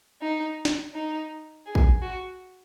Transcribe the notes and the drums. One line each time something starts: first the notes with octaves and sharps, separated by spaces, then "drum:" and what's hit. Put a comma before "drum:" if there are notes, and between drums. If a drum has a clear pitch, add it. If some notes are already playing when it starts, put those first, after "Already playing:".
D#4
drum: snare
D#4
G#4
drum: kick
F#4